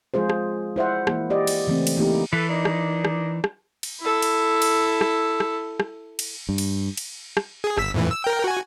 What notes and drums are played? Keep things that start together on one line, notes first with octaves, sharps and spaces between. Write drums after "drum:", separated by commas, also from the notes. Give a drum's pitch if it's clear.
F3 G#3 F4 G#4 C5
drum: rim click
E4 C5 E5 F#5
E3 A#3 E4, drum: rim click
G4 D5 D#5
drum: cymbal
C#3 E3 A3 C4
drum: cymbal
E3 A3 A#3 D#4 E4 G4
E3 A4 B4
A#3 D4 D#4
drum: rim click
drum: rim click
drum: rim click
drum: cymbal
E4 A4
drum: cymbal
drum: cymbal
drum: rim click
drum: rim click
drum: rim click
drum: cymbal
G2
drum: cymbal
drum: cymbal
drum: rim click
G#4
G1 E6 B6, drum: rim click
F2 A2 E3
E6
A#4 G5
F#4 G#5